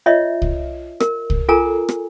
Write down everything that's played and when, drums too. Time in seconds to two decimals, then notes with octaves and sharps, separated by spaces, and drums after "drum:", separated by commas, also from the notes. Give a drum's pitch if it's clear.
0.06 F4 C#5 D#5 E5
0.42 drum: kick C2
1.00 A#4, drum: rim click
1.30 drum: kick C2
1.49 F4 A4 A#4 G#5 A#5
1.89 drum: rim click